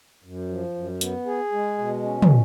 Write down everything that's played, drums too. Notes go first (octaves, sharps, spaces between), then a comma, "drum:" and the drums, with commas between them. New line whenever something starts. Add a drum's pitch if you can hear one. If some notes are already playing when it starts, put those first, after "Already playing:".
F#2
F3
F#2
B3, drum: hi-hat
G#4
G#3
B2
C#4
drum: tom